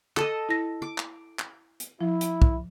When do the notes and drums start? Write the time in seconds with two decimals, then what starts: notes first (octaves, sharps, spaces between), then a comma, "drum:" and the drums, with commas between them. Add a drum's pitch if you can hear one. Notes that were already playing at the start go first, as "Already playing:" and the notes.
0.17 A4 D#5, drum: clap
0.49 E4 A#6
0.82 D6
0.98 drum: clap
1.39 drum: clap
1.80 drum: hi-hat
2.01 F3 E4
2.21 drum: hi-hat
2.42 drum: kick B1